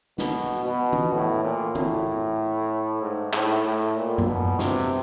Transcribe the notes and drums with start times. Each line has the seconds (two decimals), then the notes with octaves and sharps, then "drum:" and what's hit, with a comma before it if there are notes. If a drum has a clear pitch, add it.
0.18 B2, drum: snare
0.65 B2
0.93 drum: tom
1.13 A2
1.44 A#2
1.75 A2, drum: tom
3.02 G#2
3.33 A2, drum: clap
3.64 A2
3.96 A#2
4.18 drum: tom F#2
4.27 B2
4.59 C3, drum: snare